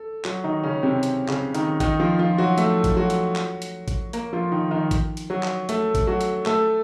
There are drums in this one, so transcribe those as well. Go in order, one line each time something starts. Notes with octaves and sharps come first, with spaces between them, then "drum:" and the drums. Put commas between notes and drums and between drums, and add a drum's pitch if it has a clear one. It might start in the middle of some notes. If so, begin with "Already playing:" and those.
Already playing: A4
F#3 F#4, drum: clap
D#3 D#4
C#3 C#4
C3 C4
drum: hi-hat
C#3 C#4, drum: clap
D#3 D#4, drum: hi-hat
D#3 D#4, drum: kick A1, hi-hat
F3 F4
F3 F4
F#3 F#4
A3 A4, drum: hi-hat
drum: kick A1, hi-hat
F#3 F#4
drum: hi-hat
drum: clap
drum: hi-hat
drum: kick A1, hi-hat
A#3 A#4, drum: hi-hat
F3 F4
D#3 D#4
D#3 D#4
drum: kick A1, hi-hat
drum: hi-hat
F#3 F#4
drum: clap
A3 A4, drum: hi-hat
drum: kick A1, hi-hat
F#3 F#4
drum: hi-hat
A3 A4, drum: clap